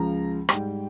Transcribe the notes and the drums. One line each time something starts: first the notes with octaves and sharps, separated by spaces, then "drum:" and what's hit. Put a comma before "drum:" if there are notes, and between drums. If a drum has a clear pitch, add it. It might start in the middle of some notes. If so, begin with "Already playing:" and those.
Already playing: C#2 C#3 F3 G#3 A#5
G#2 G3 G5, drum: rim click